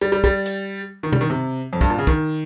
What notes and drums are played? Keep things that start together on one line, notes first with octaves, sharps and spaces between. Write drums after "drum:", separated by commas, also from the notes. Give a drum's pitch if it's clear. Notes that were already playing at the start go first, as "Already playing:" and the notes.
G3
G3
G3, drum: kick
drum: hi-hat
D#3
G3, drum: tom B2
D#3
C3
F2
G2, drum: kick
A#2
C#3
D#3, drum: kick